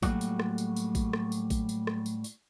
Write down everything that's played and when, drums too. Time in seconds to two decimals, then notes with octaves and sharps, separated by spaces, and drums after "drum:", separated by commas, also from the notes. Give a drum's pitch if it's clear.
0.03 A2 F#3 G3 A3 A#3 F#4, drum: kick A1, tambourine
0.21 drum: tambourine
0.40 drum: rim click
0.58 drum: tambourine
0.76 drum: tambourine
0.95 drum: kick A1, tambourine
1.13 drum: rim click
1.32 drum: tambourine
1.50 drum: kick A1, tambourine
1.69 drum: tambourine
1.87 drum: rim click
2.06 drum: tambourine
2.24 drum: tambourine